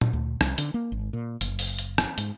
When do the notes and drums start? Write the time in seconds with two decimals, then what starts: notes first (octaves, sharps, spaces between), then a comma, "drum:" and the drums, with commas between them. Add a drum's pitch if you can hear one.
0.01 drum: tom A#2
0.13 D2
0.41 C2, drum: rim click
0.58 D3, drum: hi-hat
0.74 A#3
0.92 G#1
1.13 A#2
1.41 F#1, drum: hi-hat
1.59 drum: open hi-hat
1.79 drum: hi-hat
1.98 drum: rim click
2.18 G#2, drum: hi-hat